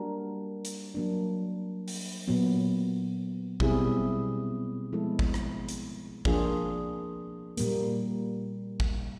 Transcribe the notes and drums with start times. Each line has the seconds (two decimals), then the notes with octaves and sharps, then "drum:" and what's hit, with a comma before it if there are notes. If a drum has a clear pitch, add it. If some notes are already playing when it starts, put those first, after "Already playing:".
Already playing: G3 A#3 D4 F#4 A#4
0.65 drum: hi-hat
0.95 F#3 A#3 D4
1.88 drum: open hi-hat
2.28 A#2 F#3 B3
3.60 B2 G3 C4 E4 G#4, drum: kick G#1
4.93 F3 G#3 B3 E4 A4
5.19 drum: kick G#1
5.34 drum: rim click
5.69 drum: hi-hat
6.25 F3 A#3 D4 F4 G#4, drum: kick G#1
7.57 A#2 G3 A#3, drum: hi-hat
8.80 drum: kick G#1